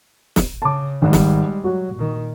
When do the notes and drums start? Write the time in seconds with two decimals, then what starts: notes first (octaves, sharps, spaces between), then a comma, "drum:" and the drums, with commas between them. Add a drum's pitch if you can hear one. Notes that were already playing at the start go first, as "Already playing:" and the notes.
0.36 drum: snare
0.62 C#3 A5 D6
1.02 G#1 G3 G#3
1.13 drum: snare
1.64 F#3 F#4
1.95 A#2 D#3